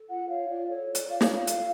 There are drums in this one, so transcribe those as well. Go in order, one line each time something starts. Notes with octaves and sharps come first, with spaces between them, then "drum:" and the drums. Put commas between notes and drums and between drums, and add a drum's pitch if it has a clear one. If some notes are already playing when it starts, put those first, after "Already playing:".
Already playing: A4
F4 F#5
C#5 F5
F4 D5
A4 C#5
F4
D5, drum: hi-hat
C#5 F5
D5, drum: snare
F4
A4 F5, drum: hi-hat